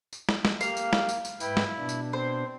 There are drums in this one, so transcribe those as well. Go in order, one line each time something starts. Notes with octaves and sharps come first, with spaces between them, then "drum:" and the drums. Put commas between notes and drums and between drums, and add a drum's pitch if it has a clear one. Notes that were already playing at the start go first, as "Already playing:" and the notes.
drum: tambourine
drum: snare
drum: snare
A#3 G4 F5, drum: tambourine
drum: tambourine
drum: snare
drum: tambourine
drum: tambourine
G#2 E4 B4 G5, drum: tambourine
drum: snare
B2 D4
drum: tambourine
C4 C5